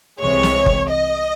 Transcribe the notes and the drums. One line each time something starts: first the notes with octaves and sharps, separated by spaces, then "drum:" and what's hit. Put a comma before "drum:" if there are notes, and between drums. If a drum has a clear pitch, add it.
C2 C3 E3 G#3 C#5
drum: snare
drum: kick G1
D#5